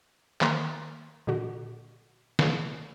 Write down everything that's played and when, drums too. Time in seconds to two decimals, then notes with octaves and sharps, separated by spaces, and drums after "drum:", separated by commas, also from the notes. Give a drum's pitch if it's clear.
0.41 D#3 A#3 A#5 C6, drum: clap
1.27 A#2 D3 F#4
2.39 drum: snare